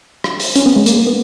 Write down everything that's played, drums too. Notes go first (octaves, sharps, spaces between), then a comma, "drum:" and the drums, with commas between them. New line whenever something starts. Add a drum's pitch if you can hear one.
drum: rim click
drum: open hi-hat
C#4, drum: hi-hat
B3
G#3
A#3, drum: hi-hat
A#3
B3